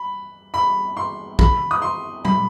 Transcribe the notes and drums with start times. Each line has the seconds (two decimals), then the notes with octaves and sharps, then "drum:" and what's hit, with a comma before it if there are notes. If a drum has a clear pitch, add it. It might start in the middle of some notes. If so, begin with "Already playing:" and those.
Already playing: B5
0.54 B5
0.97 C6
1.39 B5, drum: kick
1.71 D#6
1.82 C6
2.25 B5, drum: tom